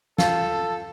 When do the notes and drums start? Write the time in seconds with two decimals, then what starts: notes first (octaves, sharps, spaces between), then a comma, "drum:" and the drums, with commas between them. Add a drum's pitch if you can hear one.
0.18 F4 A4 G5, drum: snare